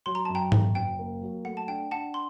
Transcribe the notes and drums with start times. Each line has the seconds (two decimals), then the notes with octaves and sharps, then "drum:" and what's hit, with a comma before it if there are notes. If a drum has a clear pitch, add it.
0.06 F#3 C6
0.15 A#5
0.25 F#2 A5
0.35 G5 A#5
0.52 F#3, drum: tom G#2
0.75 F#1 G5
0.99 A#3
1.22 F#3
1.44 A3 F#5
1.57 A5
1.68 D4 G5
1.91 D4 F#5 A5
2.14 C6